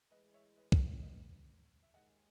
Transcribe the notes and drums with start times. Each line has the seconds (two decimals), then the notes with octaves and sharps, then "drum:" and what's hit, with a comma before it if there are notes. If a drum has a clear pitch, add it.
0.11 A2 E3 G#3 B4 D#5
0.34 C#5 E5
0.57 B4 D#5
0.72 drum: kick
1.02 B4 D#5
1.82 E5
1.94 D#2 D#3 G#3 D#5 F#5